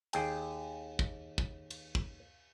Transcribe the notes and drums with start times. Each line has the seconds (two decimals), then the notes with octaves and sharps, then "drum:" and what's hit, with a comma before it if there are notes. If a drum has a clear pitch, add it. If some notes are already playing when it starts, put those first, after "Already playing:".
0.13 D#2 G#4 G5, drum: cymbal
0.99 drum: kick
1.38 drum: kick
1.70 drum: cymbal
1.95 drum: kick